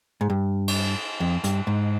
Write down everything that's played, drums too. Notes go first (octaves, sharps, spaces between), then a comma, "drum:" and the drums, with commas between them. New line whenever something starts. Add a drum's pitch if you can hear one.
G#2
G2
drum: cymbal
F2
G2, drum: hi-hat
G#2